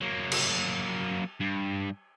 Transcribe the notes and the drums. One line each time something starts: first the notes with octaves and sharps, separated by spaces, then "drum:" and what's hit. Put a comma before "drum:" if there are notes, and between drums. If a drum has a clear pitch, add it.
F#3 A#3
drum: cymbal
G2